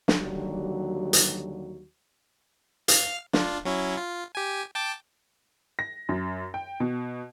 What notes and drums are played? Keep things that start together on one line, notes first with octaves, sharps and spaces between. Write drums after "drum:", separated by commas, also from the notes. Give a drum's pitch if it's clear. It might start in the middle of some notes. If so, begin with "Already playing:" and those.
drum: snare
D#2 D3 F#3 G3 F#4
drum: hi-hat
F5 F6, drum: hi-hat
D4 F4, drum: snare
F#3 C#4 E4
F4
G4 G#5
G5 A5 D6
A#6
F#2
G5
B2